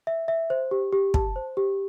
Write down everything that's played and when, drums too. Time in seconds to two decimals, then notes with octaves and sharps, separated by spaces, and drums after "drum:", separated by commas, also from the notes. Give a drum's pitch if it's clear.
0.07 E5
0.28 E5
0.50 C5
0.71 G4
0.93 G4
1.14 A5, drum: kick
1.36 C5
1.57 G4